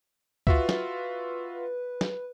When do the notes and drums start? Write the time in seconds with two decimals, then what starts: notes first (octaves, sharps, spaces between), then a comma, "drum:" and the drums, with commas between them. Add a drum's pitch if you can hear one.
0.47 F4 F#4 B4 E5, drum: kick C#2
0.69 drum: snare
2.01 drum: snare